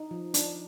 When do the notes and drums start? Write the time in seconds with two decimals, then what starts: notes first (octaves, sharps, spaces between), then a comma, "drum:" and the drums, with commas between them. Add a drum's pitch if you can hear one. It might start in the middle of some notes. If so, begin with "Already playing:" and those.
Already playing: D#4
0.11 F3
0.34 D4, drum: hi-hat